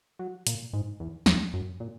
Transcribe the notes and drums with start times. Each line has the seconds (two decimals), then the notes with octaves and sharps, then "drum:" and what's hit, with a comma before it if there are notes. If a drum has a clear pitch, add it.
0.19 F#3
0.47 A#2, drum: hi-hat
0.73 G#2
1.00 E2
1.26 E2, drum: snare
1.53 F#2
1.80 A#2